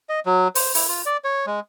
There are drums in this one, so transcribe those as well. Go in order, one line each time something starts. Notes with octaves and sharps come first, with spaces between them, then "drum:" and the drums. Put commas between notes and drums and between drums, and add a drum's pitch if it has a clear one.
D#5
F#3
C5, drum: open hi-hat
E4, drum: open hi-hat
F4
D5
C#5
G#3